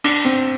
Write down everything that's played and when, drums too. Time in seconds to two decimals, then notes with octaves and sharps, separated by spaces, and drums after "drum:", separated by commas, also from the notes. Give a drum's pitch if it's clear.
0.04 D4, drum: cymbal
0.25 C4